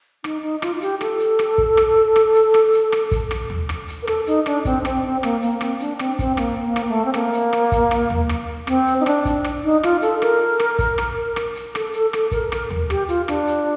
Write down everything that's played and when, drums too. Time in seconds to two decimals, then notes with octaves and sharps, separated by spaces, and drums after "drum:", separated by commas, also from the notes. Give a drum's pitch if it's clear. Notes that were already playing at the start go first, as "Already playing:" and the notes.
0.24 D#4, drum: rim click
0.43 D#4
0.62 F4, drum: rim click
0.75 F4
0.82 G4, drum: hi-hat
1.01 A4, drum: rim click
1.20 drum: hi-hat
1.39 drum: rim click
1.58 drum: kick
1.77 drum: rim click
2.16 drum: rim click
2.35 drum: hi-hat
2.54 drum: rim click
2.73 drum: hi-hat
2.92 drum: rim click
3.12 drum: kick, hi-hat
3.31 drum: rim click
3.50 drum: tom D#2
3.69 drum: rim click
3.88 drum: hi-hat
4.03 A#4
4.07 A4, drum: rim click
4.27 D#4, drum: hi-hat
4.46 D4, drum: rim click
4.65 C4, drum: kick, hi-hat
4.85 C4, drum: rim click
5.04 C4
5.23 A#3, drum: rim click
5.42 A#3, drum: hi-hat
5.61 C4, drum: rim click
5.80 D4, drum: hi-hat
5.99 C4, drum: rim click
6.19 C4, drum: kick, hi-hat
6.37 A#3, drum: rim click
6.64 A#3
6.76 drum: rim click
6.89 A3
7.05 C4
7.14 A#3, drum: rim click
7.33 drum: hi-hat
7.53 drum: rim click
7.72 drum: kick, hi-hat
7.91 drum: rim click
8.10 drum: tom D#2
8.29 drum: rim click
8.67 C4, drum: rim click
8.87 drum: hi-hat
9.00 D#4
9.06 D4, drum: rim click
9.25 drum: kick, hi-hat
9.44 drum: rim click
9.64 D#4
9.83 F4, drum: rim click
10.02 A4, drum: hi-hat
10.22 A#4, drum: rim click
10.60 drum: rim click
10.79 drum: kick, hi-hat
10.98 drum: rim click
11.36 drum: rim click
11.55 drum: hi-hat
11.75 A4, drum: rim click
11.93 A4, drum: hi-hat
12.13 A4, drum: rim click
12.32 A#4, drum: kick, hi-hat
12.52 A#4, drum: rim click
12.70 drum: tom D#2
12.90 G4, drum: rim click
13.08 F4, drum: hi-hat
13.28 D4, drum: rim click
13.47 drum: hi-hat